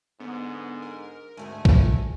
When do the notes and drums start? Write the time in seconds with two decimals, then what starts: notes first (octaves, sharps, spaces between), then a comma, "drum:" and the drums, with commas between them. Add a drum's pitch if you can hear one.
0.20 G#2 D3 B3
0.82 A#4
1.37 D2 G#2 A3 F#4 G#4 G#5
1.65 drum: kick B1